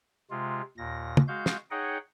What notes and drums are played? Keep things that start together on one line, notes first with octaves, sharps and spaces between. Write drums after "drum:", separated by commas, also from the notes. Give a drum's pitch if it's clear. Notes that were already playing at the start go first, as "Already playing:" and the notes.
C3 G#3 F4
D#2 A#2 A#6
drum: tom
G#3 F#4 F5 G6
drum: snare
D#4 G#4 C#5 D#5 F#5 G5